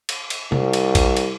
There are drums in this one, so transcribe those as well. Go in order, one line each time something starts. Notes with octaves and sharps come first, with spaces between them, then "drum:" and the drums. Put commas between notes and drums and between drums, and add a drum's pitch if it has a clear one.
drum: cymbal
drum: cymbal
C2, drum: tom C3
drum: cymbal
drum: kick A#1, cymbal
drum: cymbal